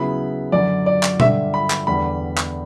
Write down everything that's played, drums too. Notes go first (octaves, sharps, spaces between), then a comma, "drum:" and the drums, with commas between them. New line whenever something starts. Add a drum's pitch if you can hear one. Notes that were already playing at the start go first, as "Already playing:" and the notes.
Already playing: C#3 F#3 B3 E4 B5
F#2 D3 F#3 D5
D5
drum: clap
G2 D3 G3 E5, drum: tom B2
B5
drum: clap
E2 D3 G3 B3 B5
drum: clap